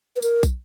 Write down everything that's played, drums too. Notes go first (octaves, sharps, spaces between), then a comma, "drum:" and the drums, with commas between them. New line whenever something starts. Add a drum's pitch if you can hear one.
B4
A#4, drum: tambourine
drum: kick, tambourine